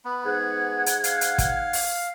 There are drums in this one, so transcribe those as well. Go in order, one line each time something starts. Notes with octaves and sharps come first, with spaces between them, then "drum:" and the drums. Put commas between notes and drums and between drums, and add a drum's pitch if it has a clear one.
B3 B5
G#2 G#4 F#5 G#6
drum: hi-hat
F5, drum: hi-hat
drum: hi-hat
drum: kick, hi-hat
drum: open hi-hat